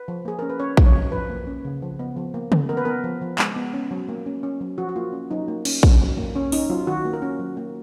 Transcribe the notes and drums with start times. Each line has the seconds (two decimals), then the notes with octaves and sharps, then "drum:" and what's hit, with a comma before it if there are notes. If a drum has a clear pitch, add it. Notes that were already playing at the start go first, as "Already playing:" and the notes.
Already playing: B4
0.08 F3
0.25 A#3 G#4
0.39 C#4 A#4
0.49 B4
0.60 C#4 C#5
0.77 C#4, drum: kick A#1
0.86 C#5
0.95 F#3
1.12 F3 B4
1.30 A#3
1.47 C#4
1.65 C#3
1.82 F3
1.99 B3
2.17 F3
2.34 A#3
2.52 C#4, drum: tom C#3
2.69 B3 A#4
2.77 B4
2.85 B3 A#4
3.04 F3
3.21 F3
3.39 G#3, drum: clap
3.56 B3
3.74 C#4
3.91 F#3
4.09 A#3
4.26 C#4
4.43 C#4
4.61 F#3
4.78 F3 F#4
4.89 F#4
4.96 A#3 F4
5.13 C#4
5.31 F#3 D#4
5.48 A#3
5.65 C#4, drum: cymbal
5.83 C#4, drum: kick A#1
6.01 F#3
6.17 A#3
6.36 C#4
6.52 C#4 D#4, drum: open hi-hat
6.70 F#3 F4
6.87 D#3 F#4
7.05 A#3
7.13 A#4
7.22 C#4
7.40 F#3
7.57 A#3